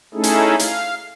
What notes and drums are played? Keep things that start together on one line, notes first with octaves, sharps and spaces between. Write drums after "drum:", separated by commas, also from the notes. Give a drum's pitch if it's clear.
A3 C#4 D#4 E4 G#4 A4
drum: hi-hat
F5, drum: hi-hat